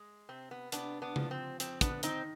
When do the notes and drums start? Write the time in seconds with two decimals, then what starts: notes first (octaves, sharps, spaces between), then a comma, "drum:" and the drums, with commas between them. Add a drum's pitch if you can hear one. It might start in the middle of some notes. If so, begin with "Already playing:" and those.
Already playing: G#3
0.29 C3 C4
0.51 B3
0.72 C3 B3 D4, drum: hi-hat
1.02 B3 D4
1.16 F3, drum: tom C#3
1.31 C4
1.60 F2 C4, drum: hi-hat
1.81 B3 D4, drum: kick, hi-hat
2.03 D#3 C4 D#4, drum: hi-hat